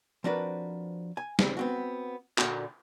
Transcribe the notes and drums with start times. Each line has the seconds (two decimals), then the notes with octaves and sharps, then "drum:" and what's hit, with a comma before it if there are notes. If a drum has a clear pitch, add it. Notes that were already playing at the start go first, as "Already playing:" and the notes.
0.24 F3 C4 D4 F#4 A#4 B4
1.17 G#5
1.39 C#3 G3 C4, drum: snare
1.57 B3 C4 F#4
2.38 A#2 D3 A#3 F#4, drum: clap